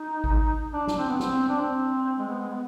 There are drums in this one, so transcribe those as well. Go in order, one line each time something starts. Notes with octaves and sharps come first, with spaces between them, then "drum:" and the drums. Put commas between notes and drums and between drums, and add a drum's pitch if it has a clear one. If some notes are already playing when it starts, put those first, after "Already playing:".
Already playing: D#4
drum: kick G#1
D4
D4, drum: snare
C4
B3
C4, drum: snare
D4
C4
G#3
B3
G#3
B3